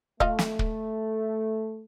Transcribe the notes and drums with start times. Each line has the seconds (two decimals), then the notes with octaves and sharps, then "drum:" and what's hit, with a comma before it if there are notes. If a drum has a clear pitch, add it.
0.20 A3 F4 D#5 F5, drum: kick
0.39 drum: snare
0.59 drum: kick